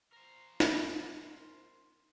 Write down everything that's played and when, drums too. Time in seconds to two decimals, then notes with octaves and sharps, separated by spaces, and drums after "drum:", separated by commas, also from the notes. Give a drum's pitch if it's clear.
0.13 A#4 C5
0.60 drum: snare